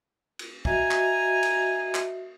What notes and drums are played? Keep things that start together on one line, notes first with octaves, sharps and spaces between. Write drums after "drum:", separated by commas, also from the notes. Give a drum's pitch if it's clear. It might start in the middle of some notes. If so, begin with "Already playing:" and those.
drum: cymbal
F#4 D#5 E5 G#5 A#5, drum: kick
drum: clap
drum: cymbal
drum: clap